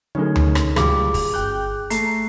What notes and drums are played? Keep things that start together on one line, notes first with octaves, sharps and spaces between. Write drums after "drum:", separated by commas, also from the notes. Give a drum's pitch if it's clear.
D3 F#3 A3 C#4 D#4 G#4 A#4
drum: tom D2
drum: rim click
C#2 G3 G#4 D6, drum: rim click
drum: kick, open hi-hat
G1 G5 F#6 G6
A3 A#5 C7, drum: hi-hat